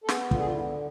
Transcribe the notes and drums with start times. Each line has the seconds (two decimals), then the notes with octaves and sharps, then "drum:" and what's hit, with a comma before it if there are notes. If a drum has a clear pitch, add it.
0.04 A4
0.09 B3 G#4, drum: snare
0.31 D3 F4, drum: kick
0.39 G#4
0.47 F4
0.54 B3 E4